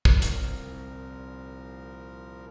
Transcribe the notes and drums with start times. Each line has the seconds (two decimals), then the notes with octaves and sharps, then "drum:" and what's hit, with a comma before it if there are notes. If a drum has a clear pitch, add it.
0.05 drum: kick
0.22 C2 A#2 F3 A#4, drum: hi-hat